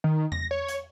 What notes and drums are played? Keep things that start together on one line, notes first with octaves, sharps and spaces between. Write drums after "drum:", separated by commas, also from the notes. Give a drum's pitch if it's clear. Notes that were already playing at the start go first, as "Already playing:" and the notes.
D#3
A#6, drum: tom E2
C#5
drum: hi-hat